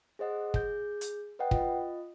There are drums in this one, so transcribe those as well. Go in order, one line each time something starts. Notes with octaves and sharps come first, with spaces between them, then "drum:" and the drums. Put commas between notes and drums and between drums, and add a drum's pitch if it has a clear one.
G#4 C5 D#5 F#5
G#4 G6, drum: kick
drum: hi-hat
B4 D#5 F#5 G5
F4 D#5, drum: kick